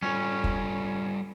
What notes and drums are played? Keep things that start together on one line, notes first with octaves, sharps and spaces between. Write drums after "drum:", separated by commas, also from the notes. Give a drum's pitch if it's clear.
G3 C#4 F4 A4
drum: kick